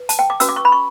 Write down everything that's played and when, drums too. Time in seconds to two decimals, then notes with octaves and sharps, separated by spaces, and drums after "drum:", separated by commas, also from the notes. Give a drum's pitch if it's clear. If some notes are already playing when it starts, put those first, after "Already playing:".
Already playing: B4
0.09 A5, drum: hi-hat
0.19 G5
0.30 D6
0.40 C#4 F#4 B4 E6, drum: hi-hat
0.49 D6
0.56 C#6
0.65 B5
0.72 C#6